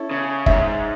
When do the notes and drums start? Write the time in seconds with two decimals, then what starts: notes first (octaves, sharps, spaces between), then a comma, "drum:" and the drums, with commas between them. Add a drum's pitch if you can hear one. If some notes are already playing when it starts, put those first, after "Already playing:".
Already playing: C#4 E4 A4 C#5
0.11 C#3
0.46 G#2 G#4 C#5 E5, drum: kick